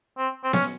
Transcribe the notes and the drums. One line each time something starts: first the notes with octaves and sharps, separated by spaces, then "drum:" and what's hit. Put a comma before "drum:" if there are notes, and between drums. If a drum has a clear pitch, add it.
C4
C4
C#4, drum: snare B3